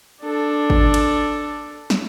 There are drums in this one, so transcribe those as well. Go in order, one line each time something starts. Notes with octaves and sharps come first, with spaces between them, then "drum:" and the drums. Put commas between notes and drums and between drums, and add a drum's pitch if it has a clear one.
D4 A4
drum: kick G#1
drum: cymbal
drum: snare